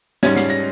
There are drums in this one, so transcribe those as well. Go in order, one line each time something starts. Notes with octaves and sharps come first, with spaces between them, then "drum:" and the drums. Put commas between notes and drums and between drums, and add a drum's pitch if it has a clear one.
G#2 G3 C#4 G#6, drum: snare
C7, drum: snare
A#6, drum: hi-hat